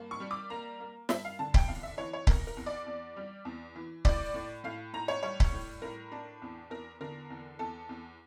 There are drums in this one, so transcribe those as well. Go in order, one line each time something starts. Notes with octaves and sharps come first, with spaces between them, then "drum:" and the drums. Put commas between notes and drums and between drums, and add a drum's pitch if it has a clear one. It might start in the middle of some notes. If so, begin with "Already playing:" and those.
Already playing: G2 A#3
C#6
G3
D6
A#3 A#5
A#3
G2 E5, drum: snare
F5
D3 A5
G5, drum: kick C#1
E2 F5
E5
E3 C#5
C#5
E2 A#4, drum: kick C#1
A#4
E2
D5
E2
G3
E2
E3
A2 D5, drum: kick C#1
A2
A2 F5
A2 A#5
C#5
G3 C#5
drum: kick C#1
A2
A2 A#4
D4
E2
E2 A#4
D3 A#4
E2
E2 A4
E2